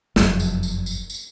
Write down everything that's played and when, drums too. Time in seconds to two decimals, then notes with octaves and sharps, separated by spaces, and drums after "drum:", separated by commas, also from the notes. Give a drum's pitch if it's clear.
0.16 F#1 F2, drum: snare
0.40 drum: tambourine
0.63 drum: tambourine
0.86 drum: tambourine
1.10 drum: tambourine